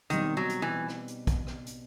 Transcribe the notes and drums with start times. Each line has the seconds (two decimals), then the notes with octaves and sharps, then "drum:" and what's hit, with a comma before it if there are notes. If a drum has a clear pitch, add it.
0.10 B2 D#3 G3 C4 D#4, drum: hi-hat
0.37 F#3
0.49 drum: hi-hat
0.62 E3
0.88 drum: rim click
1.08 drum: hi-hat
1.27 drum: kick, hi-hat
1.47 drum: rim click
1.66 drum: hi-hat